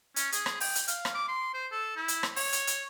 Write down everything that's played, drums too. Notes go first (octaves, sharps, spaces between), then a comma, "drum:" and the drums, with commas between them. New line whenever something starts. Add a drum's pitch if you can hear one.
C#4, drum: hi-hat
G#4, drum: hi-hat
drum: rim click
G5, drum: open hi-hat
drum: hi-hat
F5, drum: hi-hat
drum: rim click
D6
C6
C5
A4
E4
drum: hi-hat
drum: rim click
C#5, drum: open hi-hat
drum: hi-hat
drum: hi-hat